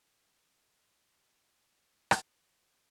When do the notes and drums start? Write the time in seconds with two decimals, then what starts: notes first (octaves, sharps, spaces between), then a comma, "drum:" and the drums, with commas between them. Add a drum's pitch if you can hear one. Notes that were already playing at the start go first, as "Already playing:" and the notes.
0.17 A4 E5 G#5 F6 G6
2.11 drum: rim click